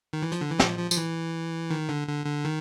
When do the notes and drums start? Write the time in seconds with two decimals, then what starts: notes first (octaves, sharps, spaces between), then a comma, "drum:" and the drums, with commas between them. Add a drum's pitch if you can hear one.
0.13 D#3
0.22 E3
0.32 F3, drum: hi-hat
0.41 D3
0.50 E3
0.60 F3, drum: snare
0.79 F3
0.91 F3, drum: tambourine
0.97 E3
1.70 D#3
1.89 D3
2.08 D3
2.26 D3
2.45 D#3